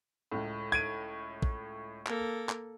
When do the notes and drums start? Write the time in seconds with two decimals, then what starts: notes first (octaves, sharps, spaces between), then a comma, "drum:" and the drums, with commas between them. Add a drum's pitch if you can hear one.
0.32 C#2 A2
0.72 G#6 D7 D#7
1.42 drum: kick
2.06 A#3 A4, drum: clap
2.49 drum: clap